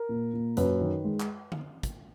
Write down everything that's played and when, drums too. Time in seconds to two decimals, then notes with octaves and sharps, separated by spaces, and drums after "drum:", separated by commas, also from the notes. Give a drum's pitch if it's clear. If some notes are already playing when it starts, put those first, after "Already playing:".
Already playing: A#4
0.09 A#2
0.33 A#2
0.57 F#2 B4, drum: hi-hat
0.81 D#3
1.05 G#3
1.20 drum: clap
1.52 drum: tom D3
1.83 drum: kick, hi-hat